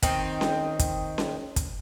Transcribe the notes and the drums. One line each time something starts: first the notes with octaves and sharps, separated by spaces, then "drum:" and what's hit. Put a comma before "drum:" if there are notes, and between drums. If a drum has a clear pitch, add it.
D#3 C4 D#4, drum: kick, hi-hat
drum: snare C#4
drum: kick, hi-hat
drum: snare C#4
drum: kick, hi-hat